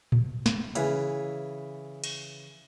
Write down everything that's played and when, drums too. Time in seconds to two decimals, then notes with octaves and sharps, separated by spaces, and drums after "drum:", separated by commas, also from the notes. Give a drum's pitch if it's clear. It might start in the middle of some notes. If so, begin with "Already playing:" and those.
0.12 drum: tom A2
0.46 drum: snare
0.75 C#3 E3, drum: hi-hat
2.04 drum: cymbal